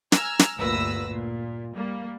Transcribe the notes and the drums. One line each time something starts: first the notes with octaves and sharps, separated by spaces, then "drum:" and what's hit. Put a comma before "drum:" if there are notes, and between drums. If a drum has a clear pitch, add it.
G#5 A#5 E6 F6 G#6, drum: snare
drum: snare
G1 D2 A#2 B4 E6 A#6
A#2
G3 A#3